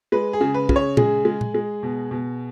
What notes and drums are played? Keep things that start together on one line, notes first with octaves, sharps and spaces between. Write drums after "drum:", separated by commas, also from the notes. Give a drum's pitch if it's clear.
G#3 B4
G#4
C#3
B4
C#3, drum: kick
C#5
G#3 G#4, drum: tom A#2
G#3
drum: tom A#2
G#3
B2
B2